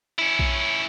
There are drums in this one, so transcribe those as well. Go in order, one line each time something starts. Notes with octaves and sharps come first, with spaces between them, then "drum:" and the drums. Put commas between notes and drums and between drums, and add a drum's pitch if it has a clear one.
C#4 E4
drum: kick A#1